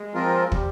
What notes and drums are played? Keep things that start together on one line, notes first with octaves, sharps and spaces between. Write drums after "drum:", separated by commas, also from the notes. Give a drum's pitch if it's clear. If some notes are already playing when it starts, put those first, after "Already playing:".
Already playing: G#3
F3 C4 F4 A#4
G3, drum: kick